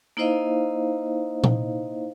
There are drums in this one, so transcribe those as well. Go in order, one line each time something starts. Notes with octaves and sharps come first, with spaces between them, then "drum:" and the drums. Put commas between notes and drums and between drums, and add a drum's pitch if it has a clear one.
A#3 D#4 E4 C5 D#5 F5
drum: tom A#2